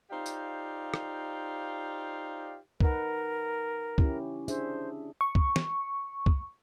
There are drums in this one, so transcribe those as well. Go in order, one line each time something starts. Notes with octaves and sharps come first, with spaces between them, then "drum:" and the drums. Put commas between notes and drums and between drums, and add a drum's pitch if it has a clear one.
D#4 F4 G4 C5 D5 F5
drum: tambourine
drum: rim click
D#4 A#4 B4 F#5, drum: kick
C#4 E4 G4, drum: kick
D4 G#4 C5 E5, drum: tambourine
C#6
drum: kick
drum: snare
drum: kick